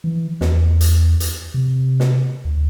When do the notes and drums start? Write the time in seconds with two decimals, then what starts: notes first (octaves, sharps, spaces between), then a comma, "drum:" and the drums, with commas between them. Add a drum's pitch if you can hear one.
0.04 E3
0.41 E2, drum: snare
0.81 drum: hi-hat
1.20 drum: hi-hat
1.54 C3
2.00 drum: snare
2.45 D2